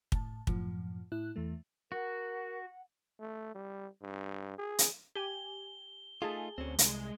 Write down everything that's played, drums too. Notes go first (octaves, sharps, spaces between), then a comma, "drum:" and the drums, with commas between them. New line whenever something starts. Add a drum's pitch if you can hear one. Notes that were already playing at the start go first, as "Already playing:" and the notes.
A2 A5, drum: kick
F#2 A2 F3, drum: kick
A2 E4 F#6
E2 E3 A3
F#4 A#4 F#5
A3
G3
G2
G#4
drum: hi-hat
G4 G#5 G7
A3 D#4 F4 G#4 A5
D2 C4 C#4
C2 G#3, drum: hi-hat